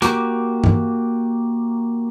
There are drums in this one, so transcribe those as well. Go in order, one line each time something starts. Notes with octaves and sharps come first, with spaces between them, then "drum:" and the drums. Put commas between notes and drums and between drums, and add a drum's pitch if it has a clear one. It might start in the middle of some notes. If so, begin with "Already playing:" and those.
A#3 F#4 G4, drum: hi-hat
drum: tom G2